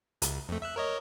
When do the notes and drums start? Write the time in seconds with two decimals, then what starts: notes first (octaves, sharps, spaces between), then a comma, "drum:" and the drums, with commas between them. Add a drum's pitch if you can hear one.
0.22 C#2, drum: hi-hat
0.49 F2 A3
0.62 E5 E6 F#6
0.76 A#4 C#5 D#5